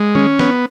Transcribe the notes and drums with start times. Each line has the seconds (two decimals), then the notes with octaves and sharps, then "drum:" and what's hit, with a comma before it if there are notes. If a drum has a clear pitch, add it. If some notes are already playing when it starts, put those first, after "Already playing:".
Already playing: G#3
0.15 C#4, drum: tom D#3
0.39 B3, drum: snare